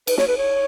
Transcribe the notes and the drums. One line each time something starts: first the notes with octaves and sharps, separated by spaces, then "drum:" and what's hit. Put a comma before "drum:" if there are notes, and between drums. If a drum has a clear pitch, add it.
B4, drum: cymbal
C#5, drum: snare
B4
C#5